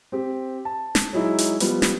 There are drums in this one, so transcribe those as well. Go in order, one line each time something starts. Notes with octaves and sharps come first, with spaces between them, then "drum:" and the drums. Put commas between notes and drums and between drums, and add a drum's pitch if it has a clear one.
C4 G4
A5
drum: snare
F#3 G#3 D#4 E4
drum: hi-hat
F3 G3 B3, drum: hi-hat
drum: snare